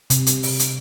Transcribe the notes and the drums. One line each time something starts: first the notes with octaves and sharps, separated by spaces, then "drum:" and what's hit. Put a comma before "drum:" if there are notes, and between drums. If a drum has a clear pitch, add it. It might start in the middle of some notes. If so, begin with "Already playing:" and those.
C3, drum: hi-hat
drum: hi-hat
drum: open hi-hat
drum: hi-hat